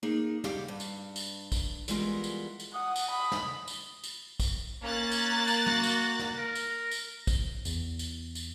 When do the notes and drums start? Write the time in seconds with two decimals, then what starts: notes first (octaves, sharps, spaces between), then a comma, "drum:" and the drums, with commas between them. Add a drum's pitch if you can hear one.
0.03 A#3 D#4 G#4
0.44 G3 G4 F5 F#5, drum: snare
0.68 G2
0.80 drum: tambourine
1.16 drum: tambourine
1.52 drum: kick, tambourine
1.88 E3 G3 G#3 B3 F4 A#4, drum: tambourine
2.24 drum: tambourine
2.60 drum: tambourine
2.74 F#5 D#6
2.96 drum: tambourine
3.11 B5
3.32 drum: snare
3.68 drum: tambourine
4.04 drum: tambourine
4.40 drum: kick, tambourine
4.83 A#3 C#4 F#6 A6
5.12 drum: tambourine
5.47 drum: tambourine
5.67 F#4, drum: tom
5.83 drum: tambourine
6.19 drum: snare
6.38 A#4
6.55 drum: tambourine
6.91 drum: tambourine
7.27 drum: kick, tambourine
7.65 E2, drum: tambourine
7.99 drum: tambourine
8.35 drum: tambourine